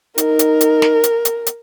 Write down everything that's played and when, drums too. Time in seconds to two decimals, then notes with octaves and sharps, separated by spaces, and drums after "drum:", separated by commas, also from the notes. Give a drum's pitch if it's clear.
0.18 D#4 A#4, drum: hi-hat
0.39 drum: hi-hat
0.61 drum: hi-hat
0.82 drum: snare
1.04 drum: hi-hat
1.25 drum: hi-hat
1.46 drum: hi-hat